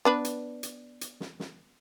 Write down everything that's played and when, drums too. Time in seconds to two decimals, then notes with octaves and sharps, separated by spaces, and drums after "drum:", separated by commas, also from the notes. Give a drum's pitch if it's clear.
0.05 B3 D4 B4
0.25 drum: hi-hat
0.63 drum: hi-hat
1.01 drum: hi-hat
1.20 drum: snare
1.40 drum: snare